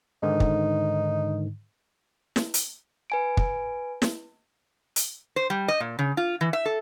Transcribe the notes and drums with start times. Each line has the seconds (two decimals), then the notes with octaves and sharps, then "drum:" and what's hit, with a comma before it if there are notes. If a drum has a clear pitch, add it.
0.23 G#2 D3 D#3 D#4
0.40 drum: kick
2.36 drum: snare
2.54 drum: hi-hat
3.10 B4 G#5 D7
3.37 drum: kick
4.02 drum: snare
4.96 drum: hi-hat
5.36 C5
5.50 G3
5.68 D#5
5.80 A#2
5.99 C#3
6.17 F4
6.41 E3
6.53 E5
6.66 A4